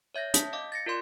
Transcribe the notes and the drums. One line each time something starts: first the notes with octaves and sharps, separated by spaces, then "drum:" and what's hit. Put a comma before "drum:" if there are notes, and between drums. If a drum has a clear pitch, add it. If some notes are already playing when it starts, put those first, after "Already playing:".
C#5 E5 G6 A#6
A5 D#6 G6 B6, drum: hi-hat
D#5 F5 D6
A6 A#6 C#7
F4 A#4 D5 C6